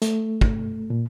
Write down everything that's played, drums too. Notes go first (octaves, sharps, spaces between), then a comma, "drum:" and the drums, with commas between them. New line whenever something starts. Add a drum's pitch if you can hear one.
A3, drum: hi-hat
drum: kick
A#2